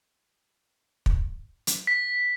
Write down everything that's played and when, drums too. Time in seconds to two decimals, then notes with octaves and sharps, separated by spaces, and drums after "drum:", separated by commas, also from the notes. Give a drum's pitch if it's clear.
1.06 drum: kick
1.67 drum: hi-hat
1.87 B6